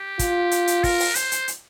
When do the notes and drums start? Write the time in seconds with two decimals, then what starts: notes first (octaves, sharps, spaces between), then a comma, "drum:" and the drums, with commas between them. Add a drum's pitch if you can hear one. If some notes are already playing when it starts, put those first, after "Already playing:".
Already playing: G4
0.19 F4, drum: kick, hi-hat
0.51 drum: hi-hat
0.67 drum: hi-hat
0.84 A#4, drum: kick, open hi-hat
1.00 drum: open hi-hat
1.15 C5, drum: hi-hat
1.32 drum: hi-hat
1.48 drum: hi-hat